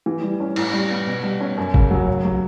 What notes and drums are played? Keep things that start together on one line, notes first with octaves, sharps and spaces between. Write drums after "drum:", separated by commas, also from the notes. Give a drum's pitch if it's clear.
E3
G3
C#4
A2, drum: cymbal
G3
B3
B2
G3
C#4
F#2
C#3, drum: kick
F#3
C#3
F#3